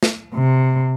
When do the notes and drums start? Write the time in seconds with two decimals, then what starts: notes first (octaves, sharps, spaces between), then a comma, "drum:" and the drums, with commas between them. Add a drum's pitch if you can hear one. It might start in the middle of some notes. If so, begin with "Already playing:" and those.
0.03 drum: snare
0.35 C3